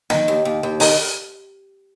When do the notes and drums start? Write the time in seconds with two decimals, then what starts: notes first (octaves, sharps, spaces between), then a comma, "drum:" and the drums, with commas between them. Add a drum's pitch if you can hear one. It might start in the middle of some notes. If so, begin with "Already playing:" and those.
0.10 D#3, drum: snare
0.28 D#2
0.45 D#2
0.63 D#2
0.80 D#3, drum: open hi-hat